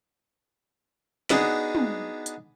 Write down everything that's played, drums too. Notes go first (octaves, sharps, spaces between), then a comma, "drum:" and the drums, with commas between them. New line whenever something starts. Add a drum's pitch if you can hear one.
B3 D4 D#4 F#4 G#4, drum: snare
drum: tom
drum: hi-hat